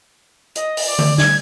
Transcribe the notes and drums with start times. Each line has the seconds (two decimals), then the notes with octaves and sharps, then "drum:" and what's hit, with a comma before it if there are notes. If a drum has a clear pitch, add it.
0.56 D#5, drum: hi-hat
0.77 drum: open hi-hat
0.87 D5
0.99 drum: tom D3
1.18 G#6, drum: snare